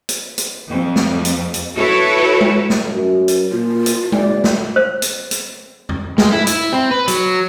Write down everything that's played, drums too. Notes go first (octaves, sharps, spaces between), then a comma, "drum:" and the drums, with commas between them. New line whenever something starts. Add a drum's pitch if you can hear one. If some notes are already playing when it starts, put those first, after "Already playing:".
drum: hi-hat
drum: hi-hat
F2
drum: snare
drum: hi-hat
drum: hi-hat
E4 F#4 A4 B4 C#5
drum: tom G#3
drum: snare
F#2
drum: hi-hat
A#2 F4
drum: hi-hat
F#1 D5, drum: tom G#3
drum: snare
C5
drum: hi-hat
drum: hi-hat
drum: tom
G#3, drum: snare
E4
E4, drum: hi-hat
C4
B4
F#3, drum: hi-hat